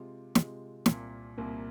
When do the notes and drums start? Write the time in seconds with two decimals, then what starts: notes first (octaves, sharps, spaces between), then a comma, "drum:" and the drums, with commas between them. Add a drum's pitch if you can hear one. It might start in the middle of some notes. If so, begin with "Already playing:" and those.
Already playing: C3 G#3 F4
0.35 C3 G#3 F4, drum: snare
0.86 C2 A#2 A#3, drum: snare
1.38 C2 A#2 A#3